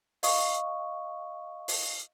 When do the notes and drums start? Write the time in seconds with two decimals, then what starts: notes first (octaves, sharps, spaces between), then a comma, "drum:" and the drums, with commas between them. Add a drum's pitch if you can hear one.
0.23 D#5 F5 C#6 D#6, drum: open hi-hat
1.68 drum: open hi-hat